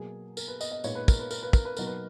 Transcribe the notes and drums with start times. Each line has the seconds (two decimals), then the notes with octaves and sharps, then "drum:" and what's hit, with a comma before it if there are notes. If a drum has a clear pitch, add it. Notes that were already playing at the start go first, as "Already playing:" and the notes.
Already playing: B2 F#3 A#3 G#4
0.37 A#4, drum: tambourine
0.48 B4
0.61 D#5, drum: tambourine
0.71 D#5
0.84 A#2 G#3 B3 D#4 C#5, drum: tambourine
0.95 B4
1.08 A#4, drum: kick, tambourine
1.19 B4
1.31 A#4, drum: tambourine
1.42 B4
1.53 A#4, drum: kick, tambourine
1.65 B4
1.77 B2 F#3 A#3 D#4 A#4, drum: tambourine
1.87 B4